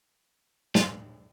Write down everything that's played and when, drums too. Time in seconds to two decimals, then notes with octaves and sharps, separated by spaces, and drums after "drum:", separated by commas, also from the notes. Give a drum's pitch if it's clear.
0.75 F4, drum: snare